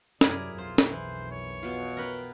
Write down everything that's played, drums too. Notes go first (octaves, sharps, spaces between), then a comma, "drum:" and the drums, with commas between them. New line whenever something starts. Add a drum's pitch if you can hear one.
F#2 C3 F#3 E4 G#4 A#4 D5, drum: snare
B1 F2 F4 C5
drum: snare
E3 C5
C#5
B2 F4
A#4 B4 G5